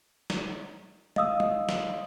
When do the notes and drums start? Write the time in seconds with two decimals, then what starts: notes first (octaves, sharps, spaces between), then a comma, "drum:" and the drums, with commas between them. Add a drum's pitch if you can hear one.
0.30 drum: snare
1.16 D#5 F5 D#6 E6, drum: tom G3
1.40 drum: tom G3
1.69 drum: snare